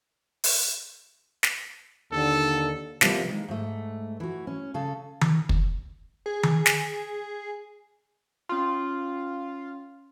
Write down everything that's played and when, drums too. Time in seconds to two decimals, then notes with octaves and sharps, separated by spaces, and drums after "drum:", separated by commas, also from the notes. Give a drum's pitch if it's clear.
0.44 drum: open hi-hat
1.43 drum: snare
2.12 D#2 D3 A4
3.01 C3 E3 F3 G3 A#3 B3, drum: snare
3.29 D#3 G#3
3.48 G#2 A3
4.20 E3 F#4
4.47 C#4
4.74 C#3 A4
5.21 drum: tom D#3
5.49 drum: kick
6.26 G#4
6.43 drum: tom D#3
6.66 drum: snare
8.49 C#4 F4 C6